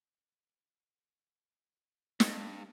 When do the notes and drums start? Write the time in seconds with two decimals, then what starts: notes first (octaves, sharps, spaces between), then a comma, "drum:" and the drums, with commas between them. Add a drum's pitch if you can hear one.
2.20 G2, drum: snare